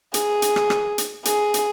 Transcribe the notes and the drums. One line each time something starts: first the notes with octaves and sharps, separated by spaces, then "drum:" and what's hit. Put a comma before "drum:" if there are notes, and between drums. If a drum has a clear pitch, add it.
G#4, drum: hi-hat
drum: hi-hat
drum: rim click
drum: rim click
drum: hi-hat
G#4, drum: hi-hat
drum: hi-hat